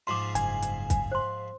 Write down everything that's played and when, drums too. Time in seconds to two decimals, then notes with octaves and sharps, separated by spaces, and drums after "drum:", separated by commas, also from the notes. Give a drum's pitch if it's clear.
0.07 G#2 F3 C6 D6
0.35 F#1 G#5, drum: hi-hat
0.62 drum: hi-hat
0.90 drum: kick, hi-hat
1.12 C5 C6